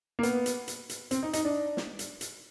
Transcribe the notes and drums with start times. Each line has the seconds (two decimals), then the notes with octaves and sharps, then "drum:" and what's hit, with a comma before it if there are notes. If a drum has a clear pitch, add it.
0.19 A#3
0.23 B3, drum: hi-hat
0.46 drum: hi-hat
0.68 drum: hi-hat
0.89 drum: hi-hat
1.11 C4, drum: hi-hat
1.23 D#4
1.33 D#4, drum: hi-hat
1.45 D4
1.77 drum: snare
1.99 drum: hi-hat
2.21 drum: hi-hat